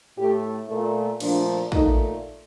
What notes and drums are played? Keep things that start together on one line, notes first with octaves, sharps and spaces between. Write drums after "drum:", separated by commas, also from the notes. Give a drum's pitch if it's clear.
A2 A3 G4
A#2 A3
A#2 F3 A3 D4, drum: cymbal
A#2 A3 D#4, drum: kick